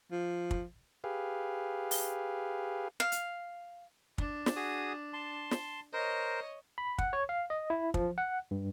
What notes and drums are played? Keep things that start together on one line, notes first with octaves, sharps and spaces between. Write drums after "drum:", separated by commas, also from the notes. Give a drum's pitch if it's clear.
F3
drum: kick
G4 G#4 B4 F5
drum: open hi-hat
F5
drum: hi-hat
D4, drum: kick
drum: snare
F#4 G#4 D#6
A5 C6
drum: snare
A#4 C5 C#5 D#5
B5
F#5, drum: kick
C#5
F5
D#5
E4
F3, drum: kick
F#5
G2